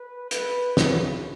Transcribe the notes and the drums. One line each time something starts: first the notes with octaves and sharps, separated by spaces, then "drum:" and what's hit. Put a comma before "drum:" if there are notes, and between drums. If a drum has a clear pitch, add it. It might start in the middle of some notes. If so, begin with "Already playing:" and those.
Already playing: B4
B4, drum: hi-hat
C#2 C#3 F#3, drum: snare